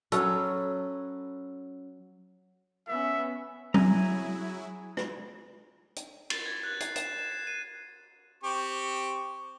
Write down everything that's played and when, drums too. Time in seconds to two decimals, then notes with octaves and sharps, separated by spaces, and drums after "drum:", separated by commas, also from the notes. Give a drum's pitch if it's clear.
0.12 F#3 C#4 A4 B4, drum: hi-hat
2.88 B3 C#4 E5
3.74 F#3 E4 G#4 G#5 A#5, drum: tom F#3
4.97 drum: rim click
5.96 drum: hi-hat
6.30 A6, drum: cymbal
6.46 G#6
6.64 F#6
6.80 C7, drum: hi-hat
6.96 E7, drum: hi-hat
7.19 E7
7.32 C7
7.47 D#7
8.44 C4 G4 C#6